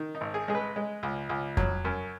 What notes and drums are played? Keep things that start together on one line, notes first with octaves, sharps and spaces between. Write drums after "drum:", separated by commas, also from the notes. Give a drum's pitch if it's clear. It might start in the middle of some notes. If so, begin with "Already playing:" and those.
Already playing: D#3
D#4
G#1
G#4
G#3 G#4
B4
G#3
C#2
C#2
F#3, drum: kick F2
F#2